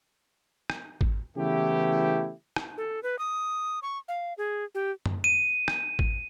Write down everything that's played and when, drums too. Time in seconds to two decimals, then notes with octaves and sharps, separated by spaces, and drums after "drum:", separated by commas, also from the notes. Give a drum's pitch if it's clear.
0.70 drum: rim click
1.01 drum: kick G#1
1.37 C#3 E3 A3 B3 E4 G4
2.56 drum: rim click
2.78 A4
3.03 B4
3.19 D#6
3.83 C#6
4.08 F5
4.38 G#4
4.75 G4
5.06 drum: tom
5.24 D#7
5.68 drum: rim click
5.99 drum: kick G#1